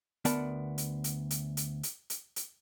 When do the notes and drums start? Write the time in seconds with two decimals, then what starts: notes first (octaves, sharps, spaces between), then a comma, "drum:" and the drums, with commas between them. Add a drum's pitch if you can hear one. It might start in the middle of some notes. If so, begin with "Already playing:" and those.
0.25 D2 B3 A#4 D5 F#5 A5, drum: hi-hat
0.78 drum: hi-hat
1.04 drum: hi-hat
1.31 drum: hi-hat
1.57 drum: hi-hat
1.83 drum: hi-hat
2.10 drum: hi-hat
2.36 drum: hi-hat